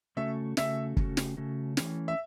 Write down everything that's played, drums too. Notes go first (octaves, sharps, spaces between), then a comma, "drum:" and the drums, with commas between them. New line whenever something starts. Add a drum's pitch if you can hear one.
C#3 A3 C#4 F#4 A4 E5
C#3 A3 C#4 F#4 A4 E5, drum: snare
C#3 A3 C#4 F#4 A4, drum: kick
drum: snare
C#3 A3 C#4 F#4 A4
E3 A3 C#4, drum: snare
E5